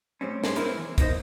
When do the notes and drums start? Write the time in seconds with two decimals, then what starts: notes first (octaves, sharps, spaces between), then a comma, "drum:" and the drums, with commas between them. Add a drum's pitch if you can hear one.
0.21 A2 G3 C4 C#4
0.44 G#3 C4 C#4, drum: snare
0.56 B3 C#4 D4 E4 A#4 C5, drum: hi-hat
0.78 E3
0.98 B2 A#3 D#4 B4 C5 D#5, drum: kick, hi-hat